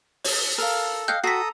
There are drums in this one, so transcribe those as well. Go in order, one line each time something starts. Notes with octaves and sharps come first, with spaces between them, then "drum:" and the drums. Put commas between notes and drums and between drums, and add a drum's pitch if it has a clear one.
C#5, drum: open hi-hat
A4 A#4 F5
D#5 F5 G5 F#6 G6
F#4 A4 A#5 D#6 B6 C7